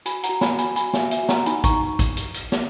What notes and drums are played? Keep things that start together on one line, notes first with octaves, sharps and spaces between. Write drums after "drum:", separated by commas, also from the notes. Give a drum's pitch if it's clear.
F#4 G#5 B5, drum: hi-hat
F#5 A#5, drum: hi-hat
F#4
G#5 B5, drum: snare
F#4
G#5 B5, drum: hi-hat
F#4 G#5 B5, drum: hi-hat
E5 G#5, drum: snare
F#4
E5 G#5, drum: hi-hat
F#4
F#5 A#5, drum: snare
D#4 G#5 B5, drum: hi-hat
A#5 C#6, drum: kick A1, hi-hat
D#4
drum: kick A1, hi-hat
drum: hi-hat
drum: hi-hat
drum: snare